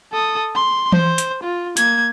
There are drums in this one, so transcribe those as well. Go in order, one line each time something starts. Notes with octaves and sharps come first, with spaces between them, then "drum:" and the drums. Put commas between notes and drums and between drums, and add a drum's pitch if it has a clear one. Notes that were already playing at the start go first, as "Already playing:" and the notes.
A4 D#6
C6
C5, drum: tom E3
drum: hi-hat
F4
A#3 G#6, drum: hi-hat